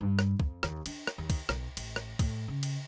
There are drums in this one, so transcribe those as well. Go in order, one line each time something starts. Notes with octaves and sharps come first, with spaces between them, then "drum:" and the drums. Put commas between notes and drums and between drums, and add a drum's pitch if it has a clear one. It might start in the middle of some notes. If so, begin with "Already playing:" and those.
G2
drum: rim click
F2, drum: kick
D#2, drum: rim click
D4, drum: cymbal
drum: rim click
D#2
drum: kick, cymbal
B1, drum: rim click
A1, drum: cymbal
drum: rim click
A2, drum: kick, cymbal
C#3
drum: cymbal